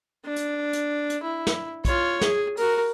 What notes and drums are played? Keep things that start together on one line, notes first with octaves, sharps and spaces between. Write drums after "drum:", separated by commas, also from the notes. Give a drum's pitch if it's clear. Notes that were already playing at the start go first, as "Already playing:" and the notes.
D4
drum: hi-hat
drum: hi-hat
drum: hi-hat
E4
drum: snare
F4 C#5, drum: kick, hi-hat
G#4, drum: snare
F#4 A#4, drum: open hi-hat